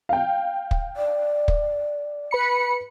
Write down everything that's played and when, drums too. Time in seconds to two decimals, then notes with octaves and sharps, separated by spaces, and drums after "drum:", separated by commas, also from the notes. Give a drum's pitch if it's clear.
0.09 F5 G5
0.71 drum: kick
0.97 D5
1.48 drum: kick
2.31 B4 B5 C#7